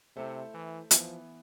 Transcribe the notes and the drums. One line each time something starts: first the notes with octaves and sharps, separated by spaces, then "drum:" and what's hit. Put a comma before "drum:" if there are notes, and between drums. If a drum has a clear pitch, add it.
C3 A3 E4 A4 C5 E5
E3
E3 F3 B3 E4, drum: hi-hat